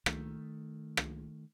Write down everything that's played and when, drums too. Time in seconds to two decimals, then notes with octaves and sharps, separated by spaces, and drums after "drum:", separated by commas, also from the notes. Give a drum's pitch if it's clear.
0.06 D#3 A3, drum: rim click
0.97 drum: rim click